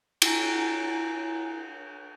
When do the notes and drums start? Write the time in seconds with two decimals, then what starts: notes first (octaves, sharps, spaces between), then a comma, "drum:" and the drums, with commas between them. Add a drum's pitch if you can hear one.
0.22 E4 G#5 A#5, drum: cymbal